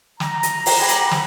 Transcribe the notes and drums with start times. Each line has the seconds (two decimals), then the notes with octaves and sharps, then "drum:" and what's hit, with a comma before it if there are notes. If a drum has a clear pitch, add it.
0.20 A#5, drum: snare
0.43 drum: hi-hat
0.66 drum: open hi-hat
0.78 G4 F#5 G#5 A#5 B5
0.89 drum: hi-hat
1.11 drum: snare